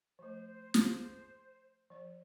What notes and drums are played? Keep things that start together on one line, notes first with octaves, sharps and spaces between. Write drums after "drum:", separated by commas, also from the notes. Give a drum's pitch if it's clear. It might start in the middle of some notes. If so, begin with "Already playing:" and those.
F3 A3 C5
drum: snare
G#4
F3 D5